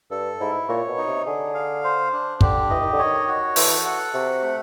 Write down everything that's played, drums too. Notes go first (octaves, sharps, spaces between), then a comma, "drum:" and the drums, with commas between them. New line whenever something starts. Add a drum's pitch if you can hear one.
G2 A4
G#2 E4
A#2 C#5
B2
D#4
C3
D3 G#4
F5
C5
D4
D3 G4, drum: kick
E3 D#5
D#3
D3
D#3 C#5
F#4
E3 A4, drum: open hi-hat
F#5
C3 F#4
A3